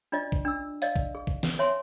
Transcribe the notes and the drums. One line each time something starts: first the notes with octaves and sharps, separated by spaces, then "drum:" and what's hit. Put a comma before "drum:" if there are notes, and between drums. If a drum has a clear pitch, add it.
D4 F4 D5 D#5
drum: kick
D4 E6
D5 D#5 F5, drum: hi-hat
drum: kick
G#4
drum: kick
drum: snare
C#5 E5 G#5 C6